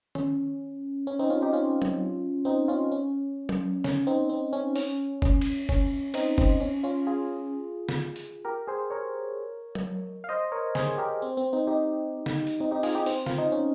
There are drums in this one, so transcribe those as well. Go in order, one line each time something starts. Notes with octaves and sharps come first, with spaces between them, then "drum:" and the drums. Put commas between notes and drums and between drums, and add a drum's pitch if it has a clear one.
C#4, drum: tom D#3
C#4
C4 D#4
C#4 F4
D#4 G4
C#4 F4
drum: tom F#3
C4 D#4
C#4 F4
C#4
drum: tom F#3
C#4, drum: snare
C4 D#4
C4
C#4
C#4, drum: open hi-hat
C#4, drum: kick
drum: cymbal
C#4, drum: kick
C4 D#4, drum: cymbal
C4, drum: kick
C#4
C#4 F4
F4 G#4
drum: snare
drum: hi-hat
G4 A#4
G#4 C5
A#4 C#5
drum: tom F#3
F5
C5 D#5
A#4 C#5
G#4 C5, drum: snare
G4 A#4
C4
C4
C4 D#4
D#4 G4
drum: snare
drum: hi-hat
C4 D#4
D#4 G4
F4 G#4, drum: open hi-hat
D#4 G4
C4, drum: open hi-hat
F4, drum: snare
D#4
C#4